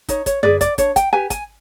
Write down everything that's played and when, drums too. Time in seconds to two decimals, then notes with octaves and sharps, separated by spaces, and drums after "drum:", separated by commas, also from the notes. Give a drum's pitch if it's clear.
0.09 D#4 C#5, drum: kick, hi-hat
0.26 C#5, drum: kick, hi-hat
0.43 G#4 B4 D5, drum: tom F#2
0.61 D5, drum: kick, hi-hat
0.78 D4 C#5, drum: kick, hi-hat
0.96 G5, drum: kick, hi-hat
1.13 G4 B4 G#5
1.30 G#5, drum: kick, hi-hat